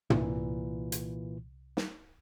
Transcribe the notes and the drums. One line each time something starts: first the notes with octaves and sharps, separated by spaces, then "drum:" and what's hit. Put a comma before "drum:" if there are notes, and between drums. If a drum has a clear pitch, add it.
C2 A#2 E3, drum: tom
drum: hi-hat
drum: snare